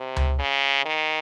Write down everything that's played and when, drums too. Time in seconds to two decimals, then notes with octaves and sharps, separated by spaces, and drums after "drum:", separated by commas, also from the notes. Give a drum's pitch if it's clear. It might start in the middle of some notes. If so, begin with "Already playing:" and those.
Already playing: C3
0.16 drum: tom C#2
0.39 C#3
0.86 D#3